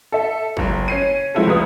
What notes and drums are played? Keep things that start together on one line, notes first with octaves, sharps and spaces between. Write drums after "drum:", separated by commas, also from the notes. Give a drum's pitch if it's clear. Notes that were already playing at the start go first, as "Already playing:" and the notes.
A4 E5 A5
F#1 C#2, drum: kick G1
C#4 C7 D#7
F3 G#3 C4 E4 F#4 A4
F1 C#2 B4 D#6